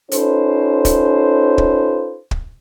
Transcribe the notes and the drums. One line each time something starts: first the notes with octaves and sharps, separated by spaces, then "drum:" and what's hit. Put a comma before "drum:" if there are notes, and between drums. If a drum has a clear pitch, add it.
C#4 D#4 F4 A4 B4 C5, drum: hi-hat
drum: kick, hi-hat
drum: kick
drum: kick